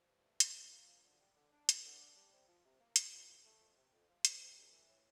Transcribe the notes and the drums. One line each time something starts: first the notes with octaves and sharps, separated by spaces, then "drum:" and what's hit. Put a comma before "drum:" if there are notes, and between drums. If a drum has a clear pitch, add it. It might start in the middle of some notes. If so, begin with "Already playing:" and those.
Already playing: F3
G2
A3
C2, drum: hi-hat
A#2
A#3
F3
D3
G3
D3
D4
E2, drum: hi-hat
D3
D4
G3
C3
F3
C3
A#3
C2, drum: hi-hat
A#2
C2
A3
F2
C3
F2
F3
D2, drum: hi-hat
C3
D2
E3
A2